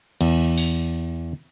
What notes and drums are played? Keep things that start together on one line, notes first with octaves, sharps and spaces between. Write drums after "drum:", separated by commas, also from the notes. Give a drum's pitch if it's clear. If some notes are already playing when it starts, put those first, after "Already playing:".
E2, drum: cymbal
drum: open hi-hat